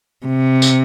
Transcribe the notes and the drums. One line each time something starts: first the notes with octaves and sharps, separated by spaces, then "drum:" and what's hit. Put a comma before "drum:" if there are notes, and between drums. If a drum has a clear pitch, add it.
C3
drum: tambourine